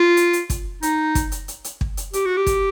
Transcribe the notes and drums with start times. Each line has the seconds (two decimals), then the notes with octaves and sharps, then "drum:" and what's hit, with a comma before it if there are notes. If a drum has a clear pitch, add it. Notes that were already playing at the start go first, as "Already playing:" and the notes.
Already playing: F4
0.17 drum: hi-hat
0.33 drum: hi-hat
0.50 drum: kick, hi-hat
0.83 D#4, drum: hi-hat
1.15 drum: kick, hi-hat
1.32 drum: hi-hat
1.48 drum: hi-hat
1.64 drum: hi-hat
1.81 drum: kick
1.97 drum: hi-hat
2.13 G4, drum: hi-hat
2.26 F#4
2.37 G4
2.47 drum: kick, hi-hat